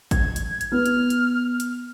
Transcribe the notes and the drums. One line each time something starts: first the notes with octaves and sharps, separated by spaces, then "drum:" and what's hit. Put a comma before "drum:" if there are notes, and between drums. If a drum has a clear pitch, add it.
G#6, drum: kick A1, hi-hat
drum: hi-hat
drum: hi-hat
B3 F6
drum: hi-hat
drum: hi-hat
drum: hi-hat